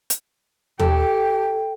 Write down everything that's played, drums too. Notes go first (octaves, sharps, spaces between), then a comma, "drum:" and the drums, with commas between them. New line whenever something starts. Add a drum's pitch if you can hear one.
drum: hi-hat
G4 A4 G5, drum: tom D#2